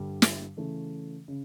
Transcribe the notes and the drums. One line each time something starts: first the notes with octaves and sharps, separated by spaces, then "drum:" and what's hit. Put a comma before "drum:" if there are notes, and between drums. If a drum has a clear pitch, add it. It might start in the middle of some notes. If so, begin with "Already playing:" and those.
Already playing: G2 D3 G3
drum: snare
C#3 E3 A3
C#3